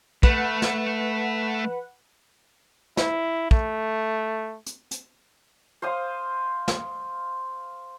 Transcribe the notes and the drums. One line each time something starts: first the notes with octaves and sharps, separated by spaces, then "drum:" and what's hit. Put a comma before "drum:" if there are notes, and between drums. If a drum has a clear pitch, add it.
A3 B4 F#5, drum: kick
drum: snare
E4, drum: snare
A3, drum: kick
drum: hi-hat
drum: hi-hat
C5 F5 C6 D#6
drum: snare